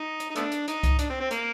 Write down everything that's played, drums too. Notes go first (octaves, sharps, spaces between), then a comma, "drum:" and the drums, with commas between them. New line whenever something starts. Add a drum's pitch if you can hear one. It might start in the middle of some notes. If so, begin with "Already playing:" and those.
Already playing: D#4
drum: hi-hat
D#4
A3 B3 D4, drum: hi-hat
drum: hi-hat
D#4, drum: hi-hat
drum: kick C2, hi-hat
D4, drum: hi-hat
C4
C4
A#3, drum: hi-hat